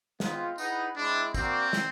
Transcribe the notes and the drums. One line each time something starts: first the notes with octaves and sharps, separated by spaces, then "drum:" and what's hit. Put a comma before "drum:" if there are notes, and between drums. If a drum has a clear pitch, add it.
G#3 B3 C4 F4, drum: snare
D#4 E4 G#4 B4 D#5 F#5, drum: tambourine
G#3 C4 D4 E4
A#3 C4 D4 F#4 A#4 D5, drum: kick, tambourine
drum: snare